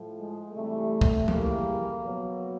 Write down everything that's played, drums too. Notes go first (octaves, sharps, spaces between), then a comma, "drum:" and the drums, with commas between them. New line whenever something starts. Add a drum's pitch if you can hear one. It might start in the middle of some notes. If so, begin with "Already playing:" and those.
Already playing: A2 F3
G#3
C3 E3 G3 A3
drum: kick
C#3 E3 G3 A#3, drum: tom F3
B2 F#3